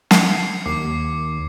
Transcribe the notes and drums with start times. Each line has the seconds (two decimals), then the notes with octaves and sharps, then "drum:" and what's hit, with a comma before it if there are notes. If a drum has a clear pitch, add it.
0.11 G#6 C7 C#7, drum: snare
0.66 D#2 D6 C7